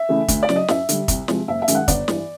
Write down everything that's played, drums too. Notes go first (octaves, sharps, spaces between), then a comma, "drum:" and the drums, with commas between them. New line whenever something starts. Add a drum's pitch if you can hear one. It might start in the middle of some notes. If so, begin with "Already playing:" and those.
Already playing: E5
C#3 E3 A3
D2, drum: kick, hi-hat
D5
C#3 F#3, drum: snare
D#5
F#2 E5, drum: snare
D3 G3, drum: hi-hat
C2, drum: kick, hi-hat
C3 F3 G#3, drum: snare
F#1 E5
E5
F#2 D#3 G#3, drum: hi-hat
F#5
G1 D5, drum: kick, hi-hat
G2 E3, drum: snare